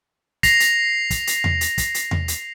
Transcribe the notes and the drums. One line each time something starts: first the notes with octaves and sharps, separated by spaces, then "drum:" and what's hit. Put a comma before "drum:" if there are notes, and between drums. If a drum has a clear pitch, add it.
A#6 C7 F7, drum: kick, hi-hat
drum: hi-hat
drum: kick, hi-hat
drum: hi-hat
drum: tom E2
drum: hi-hat
drum: kick, hi-hat
drum: hi-hat
drum: tom E2
drum: hi-hat